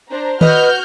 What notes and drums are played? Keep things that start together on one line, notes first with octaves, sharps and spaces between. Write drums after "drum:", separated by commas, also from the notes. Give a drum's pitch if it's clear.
D4 C5 A#5
F#4 B4 D#5 F6 G6, drum: tom D#3